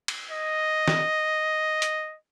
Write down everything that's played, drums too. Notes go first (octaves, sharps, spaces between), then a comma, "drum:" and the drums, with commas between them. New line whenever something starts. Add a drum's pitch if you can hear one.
drum: cymbal
D#5
drum: snare
drum: hi-hat